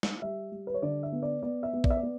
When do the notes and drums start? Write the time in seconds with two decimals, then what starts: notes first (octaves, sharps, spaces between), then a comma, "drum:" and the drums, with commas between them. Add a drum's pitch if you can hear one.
0.03 drum: snare
0.22 G3 E5
0.52 G3
0.67 B4
0.74 C#5
0.82 D3 D5
1.03 E5
1.12 B3
1.23 D5
1.43 B3 D5
1.63 E5
1.73 B3
1.84 D5, drum: kick A#1
1.90 E5
1.97 D5
2.03 B3